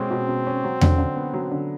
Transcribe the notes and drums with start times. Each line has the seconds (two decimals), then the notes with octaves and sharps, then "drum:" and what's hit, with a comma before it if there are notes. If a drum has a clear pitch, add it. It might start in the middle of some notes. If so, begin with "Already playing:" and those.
Already playing: B2 G#3 C4 C#4
0.11 B2
0.28 B2
0.47 C#4
0.64 F#3
0.81 D3, drum: tom E2
0.98 D3
1.16 B3
1.33 F#3
1.52 D3